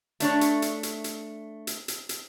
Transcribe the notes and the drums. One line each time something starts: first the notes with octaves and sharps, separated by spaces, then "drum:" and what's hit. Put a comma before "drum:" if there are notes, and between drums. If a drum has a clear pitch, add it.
A3 D4 C#5, drum: hi-hat
drum: hi-hat
drum: hi-hat
drum: hi-hat
drum: hi-hat
drum: hi-hat
drum: hi-hat
drum: hi-hat